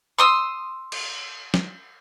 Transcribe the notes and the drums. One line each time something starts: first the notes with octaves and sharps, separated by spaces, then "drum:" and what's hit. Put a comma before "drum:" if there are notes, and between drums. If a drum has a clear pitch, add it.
C6 D#6 E6
drum: cymbal
drum: snare